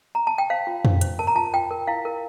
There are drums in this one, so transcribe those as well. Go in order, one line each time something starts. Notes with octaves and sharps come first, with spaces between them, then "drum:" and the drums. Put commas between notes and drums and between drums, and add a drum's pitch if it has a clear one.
A#5
A5
G5
C5 F5
F4
C5, drum: tom F2
C5, drum: hi-hat
A#4 A5
A#5
F4 A5
F4 G5
A#4
E4 F5
A#4